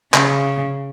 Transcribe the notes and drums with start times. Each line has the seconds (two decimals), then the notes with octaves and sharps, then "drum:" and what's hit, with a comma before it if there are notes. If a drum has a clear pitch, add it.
0.14 C#3, drum: clap